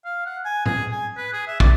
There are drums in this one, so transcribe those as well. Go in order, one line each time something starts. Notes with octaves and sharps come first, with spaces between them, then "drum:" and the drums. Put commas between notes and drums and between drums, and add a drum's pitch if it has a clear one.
F5
F#5
G#5
G#4, drum: tom A2
G#5
B4
G#4
E5
D5, drum: kick